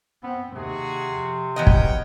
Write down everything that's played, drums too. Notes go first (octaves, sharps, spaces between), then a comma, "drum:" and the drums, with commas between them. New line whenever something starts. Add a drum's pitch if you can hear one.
B3 C4
D#2 C3 F#4 G#4
F2
B1 E3 B3 A#4 C#5 D#5 G5
drum: kick